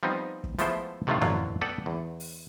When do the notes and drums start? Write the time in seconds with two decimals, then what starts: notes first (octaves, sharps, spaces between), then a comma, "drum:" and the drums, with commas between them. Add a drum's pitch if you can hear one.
0.03 F3 G3 B3 C4 D#4
0.44 drum: kick
0.59 F3 G#3 A3 B3 E4 C5, drum: hi-hat
1.07 A2 C3 D#3 F3 A3 F4
1.21 A1 F2 D3 F#3 F4, drum: tom
1.61 B3 A4 B4 D5 F#5 G5
1.86 E2
2.20 drum: open hi-hat